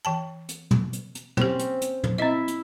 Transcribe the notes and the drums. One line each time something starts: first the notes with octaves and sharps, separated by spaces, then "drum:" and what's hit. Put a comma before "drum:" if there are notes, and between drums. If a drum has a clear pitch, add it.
E3 G5 A5
drum: hi-hat
drum: tom
drum: hi-hat
drum: hi-hat
A#3 C4 C#4 G4, drum: tom
drum: hi-hat
drum: hi-hat
drum: tom
C4 E4 D#5 E5
drum: hi-hat